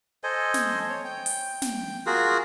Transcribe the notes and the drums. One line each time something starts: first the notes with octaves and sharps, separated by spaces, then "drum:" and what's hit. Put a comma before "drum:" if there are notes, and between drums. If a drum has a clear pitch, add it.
A4 C5 D#5 G#5
drum: snare
C#5
G5
drum: open hi-hat
drum: snare
F4 F#4 G#4 A#4